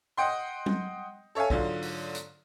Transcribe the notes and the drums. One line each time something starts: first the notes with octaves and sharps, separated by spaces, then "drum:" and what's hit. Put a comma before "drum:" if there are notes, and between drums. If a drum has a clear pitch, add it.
D#5 F#5 G5 C6
drum: tom F#3
A4 C#5 E5 F5 G#5
G#2 D3 F#3 F4, drum: kick B1
drum: open hi-hat
drum: hi-hat